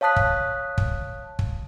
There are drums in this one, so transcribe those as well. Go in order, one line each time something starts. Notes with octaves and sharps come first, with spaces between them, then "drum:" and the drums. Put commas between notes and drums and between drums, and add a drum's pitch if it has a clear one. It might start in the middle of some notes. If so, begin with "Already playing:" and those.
C#5 F5 A5 D#6 F#6 B6
drum: kick
drum: kick
drum: kick